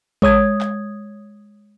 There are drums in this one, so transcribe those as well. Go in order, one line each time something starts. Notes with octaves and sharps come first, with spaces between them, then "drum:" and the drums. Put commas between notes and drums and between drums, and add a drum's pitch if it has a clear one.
G#3 C#5 D#6 G#6, drum: kick A1
drum: clap